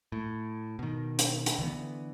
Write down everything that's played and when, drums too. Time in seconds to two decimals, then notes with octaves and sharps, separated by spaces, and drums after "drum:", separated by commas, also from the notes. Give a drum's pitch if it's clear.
0.12 A2
0.79 B2 D#3
1.19 drum: hi-hat
1.46 drum: hi-hat
1.59 D3 E3 A3 B3